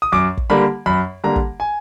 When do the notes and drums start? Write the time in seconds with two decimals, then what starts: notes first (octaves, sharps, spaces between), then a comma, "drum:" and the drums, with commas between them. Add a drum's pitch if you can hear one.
0.02 D#6
0.12 F#2 D6
0.37 drum: kick
0.50 D3 G3 A#3 B5
0.86 F#2 B5
1.24 D3 G3 A#3 A#5
1.36 drum: kick
1.60 G#5